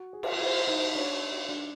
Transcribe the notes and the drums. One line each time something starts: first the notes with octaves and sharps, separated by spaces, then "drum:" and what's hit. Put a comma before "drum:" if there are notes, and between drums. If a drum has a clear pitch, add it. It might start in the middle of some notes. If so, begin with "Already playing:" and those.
Already playing: F#4
G#4
drum: cymbal
F4
E4 C5
D#4
D4 C#5
D4